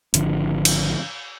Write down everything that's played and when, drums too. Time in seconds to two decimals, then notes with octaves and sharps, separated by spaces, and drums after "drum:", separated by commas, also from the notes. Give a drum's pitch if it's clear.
0.14 G#1 D3 F3, drum: hi-hat
0.65 drum: cymbal